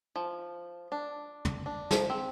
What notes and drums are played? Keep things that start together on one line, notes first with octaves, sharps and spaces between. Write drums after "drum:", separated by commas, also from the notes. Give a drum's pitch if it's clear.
F3
D4
drum: tom
D4
F3, drum: snare
C4